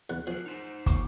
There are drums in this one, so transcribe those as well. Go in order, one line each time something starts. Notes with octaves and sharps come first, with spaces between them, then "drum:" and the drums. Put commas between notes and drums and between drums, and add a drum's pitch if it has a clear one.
E2 F#6
F3 G#4 A#4
D#4 C5
D#2 C#6 D6, drum: kick, hi-hat